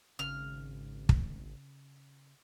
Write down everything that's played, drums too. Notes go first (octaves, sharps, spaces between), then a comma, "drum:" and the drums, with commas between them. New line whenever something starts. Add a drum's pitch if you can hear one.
G#1 C#3 F6
drum: kick